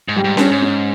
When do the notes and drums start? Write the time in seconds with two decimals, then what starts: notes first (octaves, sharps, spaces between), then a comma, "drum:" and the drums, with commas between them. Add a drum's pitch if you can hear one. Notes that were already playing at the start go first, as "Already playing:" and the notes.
0.08 G#2
0.16 G3
0.24 G#2
0.37 G2 C#4, drum: snare C#4
0.51 G#2
0.62 C#4